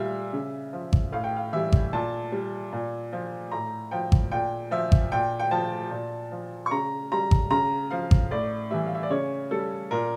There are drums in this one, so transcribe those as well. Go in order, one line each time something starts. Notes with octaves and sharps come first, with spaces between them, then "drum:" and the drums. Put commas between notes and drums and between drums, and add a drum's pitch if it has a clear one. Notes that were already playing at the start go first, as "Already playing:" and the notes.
Already playing: A#2 G3 E5 F5
C#3
F3
drum: kick G#1
A2 F5
G5
F5
E3 G3 E5
drum: kick G#1
A#2 A5
G3
A#2
F3
A2 A#5
F3 G5
drum: kick G#1
A#2 G5
F3 E5
drum: kick G#1
A#2 G5
G5
F3 A5
A#2
F3
C#6
C#3 A#5
G3 A#5
drum: kick G#1
C#3 A#5
F3 F5
drum: kick G#1
A2 D5
E3 G3 E5
F5
E5
D5
C#3 C#5
G3 A4
A#2 A#4